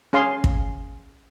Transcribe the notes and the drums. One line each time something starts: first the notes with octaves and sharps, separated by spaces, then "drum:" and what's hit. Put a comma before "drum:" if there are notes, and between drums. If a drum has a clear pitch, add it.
C#4 G#4 F5 C6
drum: kick